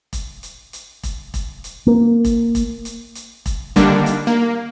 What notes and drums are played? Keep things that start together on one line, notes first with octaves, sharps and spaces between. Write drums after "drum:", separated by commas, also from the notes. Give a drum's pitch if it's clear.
drum: kick E1, hi-hat
drum: hi-hat
drum: hi-hat
drum: kick E1, hi-hat
drum: kick E1, hi-hat
drum: hi-hat
A#3
drum: kick E1, hi-hat
drum: kick E1, hi-hat
drum: hi-hat
drum: hi-hat
drum: kick E1, hi-hat
D3 D#3 G3 A#3 D4, drum: kick E1, hi-hat
drum: hi-hat
A#3